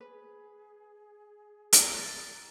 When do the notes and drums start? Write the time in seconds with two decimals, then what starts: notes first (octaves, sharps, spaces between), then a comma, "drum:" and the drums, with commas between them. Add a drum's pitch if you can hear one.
0.01 G#4 B4
1.73 drum: hi-hat
1.98 A#5 A6